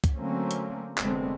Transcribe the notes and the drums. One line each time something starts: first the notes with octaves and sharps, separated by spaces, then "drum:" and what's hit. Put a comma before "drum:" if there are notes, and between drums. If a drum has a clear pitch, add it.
drum: kick C2, hi-hat
D3 F#3 A3 A#3 C4 C#4
drum: hi-hat
F1 D3 G#3 A3 B3 C4, drum: clap